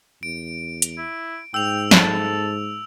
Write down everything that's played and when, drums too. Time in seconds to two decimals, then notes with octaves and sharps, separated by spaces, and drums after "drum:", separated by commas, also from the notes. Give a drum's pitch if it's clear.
0.23 E2 D7
0.82 drum: hi-hat
0.98 E4
1.54 G#2 G5 E6 F7
1.91 A4, drum: snare